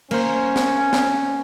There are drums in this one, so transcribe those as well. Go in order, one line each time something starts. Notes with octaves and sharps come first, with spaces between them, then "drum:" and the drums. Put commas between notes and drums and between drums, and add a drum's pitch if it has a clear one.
A#3 C#4 C5, drum: cymbal
drum: snare
drum: snare